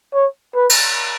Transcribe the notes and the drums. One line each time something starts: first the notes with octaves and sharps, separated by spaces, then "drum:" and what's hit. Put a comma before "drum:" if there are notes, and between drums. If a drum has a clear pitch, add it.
C#5
B4
drum: cymbal